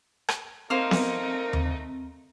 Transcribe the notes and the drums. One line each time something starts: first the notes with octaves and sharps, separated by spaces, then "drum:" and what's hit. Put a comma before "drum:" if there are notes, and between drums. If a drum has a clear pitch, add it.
drum: rim click
A3 A#3 C4 D#4 A#4 C5 F6
drum: snare B3
drum: tom D#2